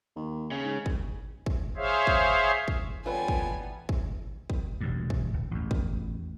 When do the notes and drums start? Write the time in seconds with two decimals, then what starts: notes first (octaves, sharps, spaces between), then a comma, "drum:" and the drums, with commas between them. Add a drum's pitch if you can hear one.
0.16 D#2
0.52 C#3
0.65 G#2
0.86 drum: kick
1.46 drum: kick
1.77 G#4 C5 C#5 E5 F5
2.07 drum: kick
2.68 drum: kick
3.06 E3 G3 B3 F4 A4 B4 C#5 G#5
3.28 drum: kick
3.89 drum: kick
4.50 drum: kick
4.81 E1 D2 G2
5.10 drum: kick
5.34 D1
5.51 A1 E2
5.71 drum: kick